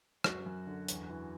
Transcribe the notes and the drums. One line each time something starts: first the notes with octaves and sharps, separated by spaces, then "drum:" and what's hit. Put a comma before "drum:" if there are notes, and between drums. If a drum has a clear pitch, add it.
F#2 F#4, drum: rim click
F#2
D3
E2, drum: hi-hat
E3